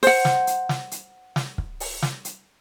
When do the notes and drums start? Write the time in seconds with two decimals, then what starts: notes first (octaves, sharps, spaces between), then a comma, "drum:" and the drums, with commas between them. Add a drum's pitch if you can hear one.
0.03 C5 F#5, drum: open hi-hat
0.25 drum: snare
0.47 drum: hi-hat
0.69 drum: snare
0.91 drum: hi-hat
1.36 drum: snare
1.58 drum: kick
1.80 drum: open hi-hat
2.02 drum: snare
2.25 drum: hi-hat